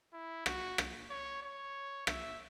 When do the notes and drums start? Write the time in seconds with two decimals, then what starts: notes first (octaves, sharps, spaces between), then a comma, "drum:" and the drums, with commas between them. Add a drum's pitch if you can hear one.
0.13 E4
0.46 F#4, drum: rim click
0.78 drum: rim click
1.10 C#5
1.43 C#5
2.07 E5, drum: rim click